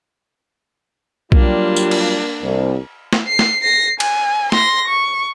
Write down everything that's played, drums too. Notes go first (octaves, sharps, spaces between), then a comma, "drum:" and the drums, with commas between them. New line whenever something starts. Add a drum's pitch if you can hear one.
F#3 G3 A#3 D4 F4, drum: kick B1
drum: tambourine
drum: cymbal
C2
drum: snare
C7
drum: snare
A#6 C7
G#5, drum: cymbal
C6 A#6, drum: snare
C#6